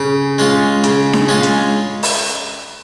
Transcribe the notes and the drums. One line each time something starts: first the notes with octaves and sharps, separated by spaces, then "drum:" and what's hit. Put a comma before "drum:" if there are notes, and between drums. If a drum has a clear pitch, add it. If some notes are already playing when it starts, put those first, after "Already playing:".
Already playing: C#3
G#3 C#4 F4
C#3, drum: hi-hat
drum: snare D4
G#3 C#4 F4
drum: hi-hat
drum: open hi-hat